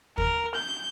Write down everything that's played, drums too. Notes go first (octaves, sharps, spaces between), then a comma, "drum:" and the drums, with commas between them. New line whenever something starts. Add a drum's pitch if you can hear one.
A#4, drum: kick
G6